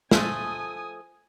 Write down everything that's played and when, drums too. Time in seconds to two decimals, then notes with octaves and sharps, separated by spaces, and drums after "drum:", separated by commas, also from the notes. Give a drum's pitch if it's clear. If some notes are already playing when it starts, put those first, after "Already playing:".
0.11 F3 A3 A4 G#5 D#6, drum: snare